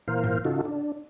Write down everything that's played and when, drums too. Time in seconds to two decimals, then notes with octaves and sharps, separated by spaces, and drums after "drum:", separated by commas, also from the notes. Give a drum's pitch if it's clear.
0.08 A#2 E3 A#4 C5 F5
0.24 drum: tom G#2
0.45 C#3 D#4 F4 F#4 A4
0.65 D4